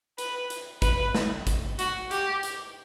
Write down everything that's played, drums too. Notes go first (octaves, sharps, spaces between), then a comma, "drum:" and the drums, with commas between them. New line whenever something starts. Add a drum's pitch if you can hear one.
B4, drum: hi-hat
drum: hi-hat
B4, drum: kick, hi-hat
drum: snare
drum: kick, hi-hat
F#4, drum: hi-hat
G4, drum: hi-hat
drum: hi-hat